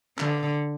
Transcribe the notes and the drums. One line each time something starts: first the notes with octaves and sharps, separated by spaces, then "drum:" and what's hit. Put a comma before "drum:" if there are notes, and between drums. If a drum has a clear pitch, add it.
D3, drum: clap